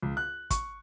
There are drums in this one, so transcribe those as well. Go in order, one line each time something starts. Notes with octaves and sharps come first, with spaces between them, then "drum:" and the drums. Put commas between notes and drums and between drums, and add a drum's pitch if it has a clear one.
C#2
F#6
C#6, drum: kick, hi-hat